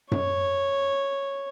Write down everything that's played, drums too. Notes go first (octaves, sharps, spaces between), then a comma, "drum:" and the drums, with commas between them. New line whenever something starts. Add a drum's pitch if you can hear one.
C#5, drum: tom F#2